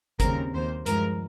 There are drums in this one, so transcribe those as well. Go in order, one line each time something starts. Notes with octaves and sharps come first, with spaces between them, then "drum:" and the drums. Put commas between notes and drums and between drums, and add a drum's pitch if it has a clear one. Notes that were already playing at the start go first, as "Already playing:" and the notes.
D#2 C#3 G3 C4 A#4, drum: kick G1, hi-hat
D#2 D#3 A#3 C5
G2 F3 G#3 A#4, drum: hi-hat